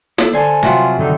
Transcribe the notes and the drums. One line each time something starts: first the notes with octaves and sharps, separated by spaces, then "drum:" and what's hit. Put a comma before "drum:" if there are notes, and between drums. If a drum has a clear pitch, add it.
A#3 E4 A4, drum: snare
D3 C5 G#5 A5
C3 F#3 G3 F4 F#4, drum: tom
G2 D3 D#3 D#4